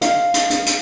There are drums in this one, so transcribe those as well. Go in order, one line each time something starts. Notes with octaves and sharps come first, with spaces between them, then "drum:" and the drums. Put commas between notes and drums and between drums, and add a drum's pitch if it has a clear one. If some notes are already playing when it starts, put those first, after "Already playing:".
F5, drum: hi-hat
drum: hi-hat
drum: hi-hat
drum: hi-hat